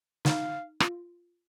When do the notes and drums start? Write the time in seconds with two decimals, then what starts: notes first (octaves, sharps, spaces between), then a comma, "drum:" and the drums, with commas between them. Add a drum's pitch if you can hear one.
0.25 D#4 F5, drum: snare
0.80 F4, drum: rim click